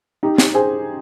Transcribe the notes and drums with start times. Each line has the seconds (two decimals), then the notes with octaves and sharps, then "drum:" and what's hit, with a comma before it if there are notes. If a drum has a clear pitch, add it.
0.23 D#4 G4
0.38 drum: snare
0.54 G#4 C5